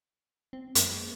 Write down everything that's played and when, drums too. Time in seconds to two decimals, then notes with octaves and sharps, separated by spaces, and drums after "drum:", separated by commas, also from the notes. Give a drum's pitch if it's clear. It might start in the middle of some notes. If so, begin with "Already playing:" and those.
0.53 C4
0.75 F#2 G#3 A#3, drum: hi-hat